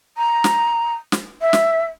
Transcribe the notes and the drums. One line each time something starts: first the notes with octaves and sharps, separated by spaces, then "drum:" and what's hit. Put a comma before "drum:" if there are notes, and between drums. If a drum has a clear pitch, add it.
A#5
drum: snare
drum: snare
E5
drum: snare